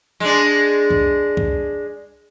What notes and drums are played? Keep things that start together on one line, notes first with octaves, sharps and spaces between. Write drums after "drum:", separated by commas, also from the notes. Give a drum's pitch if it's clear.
G#3 D4
drum: kick C2
drum: kick C2